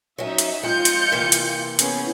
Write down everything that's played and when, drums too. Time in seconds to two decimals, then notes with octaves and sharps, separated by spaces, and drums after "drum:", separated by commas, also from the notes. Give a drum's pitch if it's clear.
0.18 F#3 C#4 D#4 D#5 E5
0.38 drum: hi-hat
0.63 F3 G#3 C4 F4 G6 C#7
0.85 drum: hi-hat
1.12 C3 E3 A#3
1.32 drum: hi-hat
1.79 B3 C#4 G#4, drum: hi-hat